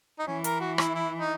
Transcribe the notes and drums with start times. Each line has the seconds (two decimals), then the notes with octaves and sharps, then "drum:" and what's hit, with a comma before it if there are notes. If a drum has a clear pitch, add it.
0.19 D#4
0.27 E3 C#4
0.44 A#4, drum: hi-hat
0.60 F#4
0.78 E4, drum: rim click
0.95 E4
1.18 D#4